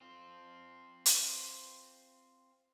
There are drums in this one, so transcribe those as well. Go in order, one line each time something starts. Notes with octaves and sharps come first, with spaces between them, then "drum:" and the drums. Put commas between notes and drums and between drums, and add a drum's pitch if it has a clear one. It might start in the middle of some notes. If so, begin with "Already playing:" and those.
C4 F4
drum: hi-hat